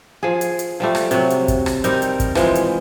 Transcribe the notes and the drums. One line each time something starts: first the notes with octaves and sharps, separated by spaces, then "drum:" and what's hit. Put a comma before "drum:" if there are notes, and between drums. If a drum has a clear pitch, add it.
F3 G#4
drum: hi-hat
drum: hi-hat
F3 G3 A3
drum: rim click
C3 F#3, drum: hi-hat
drum: hi-hat
drum: kick, hi-hat
drum: rim click
G3 C4 D#4 A#4, drum: hi-hat
drum: hi-hat
drum: kick, hi-hat
E3 F3 G#3, drum: rim click
drum: hi-hat